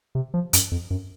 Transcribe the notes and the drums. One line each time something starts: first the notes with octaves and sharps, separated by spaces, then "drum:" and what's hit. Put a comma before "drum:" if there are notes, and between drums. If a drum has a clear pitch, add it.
C3
F3
F#2, drum: hi-hat
F2
F#2